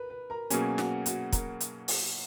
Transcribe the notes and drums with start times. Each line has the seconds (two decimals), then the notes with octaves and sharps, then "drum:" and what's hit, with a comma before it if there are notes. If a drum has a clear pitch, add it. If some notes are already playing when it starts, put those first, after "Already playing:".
Already playing: A#4 B4
0.10 B4
0.30 A#4 A#5
0.50 B2 F#3 A#3 C#4 G#4 G#5, drum: hi-hat
0.78 F#4 F#5, drum: snare
1.06 F#4 F#5, drum: hi-hat
1.32 A#4 A#5, drum: kick, hi-hat
1.60 drum: hi-hat
1.88 drum: open hi-hat